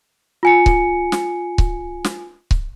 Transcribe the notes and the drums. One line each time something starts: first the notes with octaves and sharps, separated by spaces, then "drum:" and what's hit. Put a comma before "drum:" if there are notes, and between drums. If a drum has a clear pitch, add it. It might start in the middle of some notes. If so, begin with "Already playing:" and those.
F4 G#5 C#7
drum: kick C#1
drum: snare
drum: kick C#1
drum: snare
drum: kick C#1